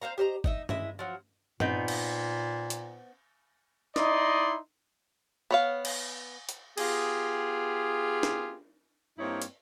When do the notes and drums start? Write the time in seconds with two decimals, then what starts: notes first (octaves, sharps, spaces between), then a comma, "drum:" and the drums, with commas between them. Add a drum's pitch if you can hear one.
0.02 C4 C5 F5 A#5
0.18 G4 C5 D#5 A#5
0.44 D#4 D#5 E5, drum: kick
0.69 G#3 E4 D#5 E5, drum: tom G2
0.99 F3 F#3 F#4
1.60 A#2 B3 C4 D#4, drum: tom G2
1.88 drum: cymbal
2.70 drum: hi-hat
3.96 D#4 E4 D5 D#5 C6, drum: snare
5.51 B3 C#5 F5
5.85 drum: cymbal
6.49 drum: hi-hat
6.78 B3 F4 G4 G#4, drum: cymbal
8.23 drum: snare
9.18 G2 A#3 C4 D#4 E4 C#5
9.42 drum: hi-hat